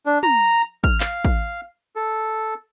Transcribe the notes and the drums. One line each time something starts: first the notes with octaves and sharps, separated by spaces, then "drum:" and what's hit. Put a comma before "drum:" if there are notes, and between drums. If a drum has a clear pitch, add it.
D4
A#5, drum: tom
F6, drum: kick
F5, drum: clap
drum: kick
A4